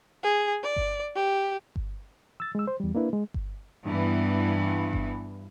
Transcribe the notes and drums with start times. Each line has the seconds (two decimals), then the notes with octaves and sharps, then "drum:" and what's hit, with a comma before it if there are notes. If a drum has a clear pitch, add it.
0.23 G#4
0.63 D5
0.76 drum: kick G1
1.16 G4
1.76 drum: kick G1
2.40 E6 A6
2.55 G#3 E6
2.67 C5
2.80 E2 G3
2.95 A#3 D4 E4 B4
3.13 G#3
3.34 drum: kick G1
3.85 G2 E3 B3
4.93 drum: kick G1